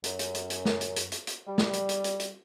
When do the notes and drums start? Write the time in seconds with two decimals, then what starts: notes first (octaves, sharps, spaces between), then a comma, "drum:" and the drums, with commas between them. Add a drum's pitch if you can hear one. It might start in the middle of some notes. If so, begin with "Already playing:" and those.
0.04 F#2, drum: hi-hat
0.19 drum: hi-hat
0.34 drum: hi-hat
0.50 drum: hi-hat
0.65 drum: snare
0.81 drum: hi-hat
0.96 drum: hi-hat
1.12 drum: hi-hat
1.27 drum: hi-hat
1.47 G3
1.58 drum: snare
1.73 drum: hi-hat
1.89 drum: hi-hat
2.04 drum: hi-hat
2.20 drum: hi-hat